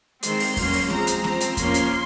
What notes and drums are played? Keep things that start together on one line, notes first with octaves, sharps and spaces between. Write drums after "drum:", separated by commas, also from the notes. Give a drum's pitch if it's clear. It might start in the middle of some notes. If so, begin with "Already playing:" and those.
D#3 G#3 C4 C6, drum: hi-hat
drum: open hi-hat
F#3 A#3 C#4, drum: kick E2, open hi-hat
drum: open hi-hat
F3 G#3 C4 A#5, drum: snare B3
drum: hi-hat
F3 C4 A#5, drum: snare B3
drum: hi-hat
F3 A#3 C#4 C6, drum: kick E2, hi-hat
drum: hi-hat